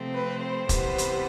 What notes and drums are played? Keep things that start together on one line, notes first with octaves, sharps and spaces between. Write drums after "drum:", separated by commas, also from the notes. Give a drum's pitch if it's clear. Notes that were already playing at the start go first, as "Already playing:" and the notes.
Already playing: C3 F3 A3 C4
B4
C5
C3 E3 G3 B3, drum: kick, hi-hat
drum: hi-hat